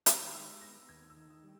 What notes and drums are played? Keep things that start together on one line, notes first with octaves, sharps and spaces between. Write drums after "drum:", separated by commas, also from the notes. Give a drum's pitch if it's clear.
D#3 G5, drum: hi-hat
D#6
G#3 E6
B3 A#6
D#2 G#6
E6
D#3
D#6
G3